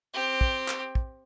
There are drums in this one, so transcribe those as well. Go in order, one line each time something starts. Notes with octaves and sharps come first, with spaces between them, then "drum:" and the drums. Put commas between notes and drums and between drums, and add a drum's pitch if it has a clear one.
C4 G4
drum: kick
drum: clap
drum: kick